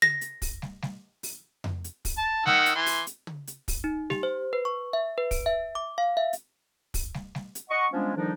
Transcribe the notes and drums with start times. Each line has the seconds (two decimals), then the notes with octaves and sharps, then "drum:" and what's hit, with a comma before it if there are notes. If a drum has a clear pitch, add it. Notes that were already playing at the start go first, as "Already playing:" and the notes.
0.02 A#6, drum: tom
0.21 drum: hi-hat
0.42 drum: kick, open hi-hat
0.62 drum: snare
0.82 drum: snare
1.23 drum: open hi-hat
1.64 drum: tom F2
1.84 drum: hi-hat
2.05 drum: kick, open hi-hat
2.17 A5
2.46 D#3 F#5 E6, drum: snare
2.66 drum: hi-hat
2.75 E3 C6
2.86 drum: open hi-hat
3.07 drum: hi-hat
3.27 drum: tom
3.47 drum: hi-hat
3.68 drum: kick, open hi-hat
3.84 D#4
4.10 G4, drum: snare
4.23 C5
4.53 B4
4.65 C#6
4.93 E5
5.18 B4
5.31 D7, drum: kick, open hi-hat
5.46 E5
5.75 D6
5.98 F5
6.17 E5
6.33 drum: hi-hat
6.94 drum: kick, open hi-hat
7.14 drum: snare
7.35 drum: snare
7.55 drum: hi-hat
7.70 D#5 F#5 C#6
7.92 F3 G3 G#3 B3 C#4 D4
8.16 F2 D#3 F3 G3 D4 D#4